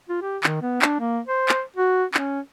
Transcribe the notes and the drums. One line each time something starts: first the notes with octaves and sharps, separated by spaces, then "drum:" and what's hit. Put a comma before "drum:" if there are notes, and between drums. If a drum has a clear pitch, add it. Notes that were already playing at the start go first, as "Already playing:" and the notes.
F4
G4
D#3, drum: clap
B3
D4, drum: clap
A#3
C5
drum: clap
F#4
C#4, drum: clap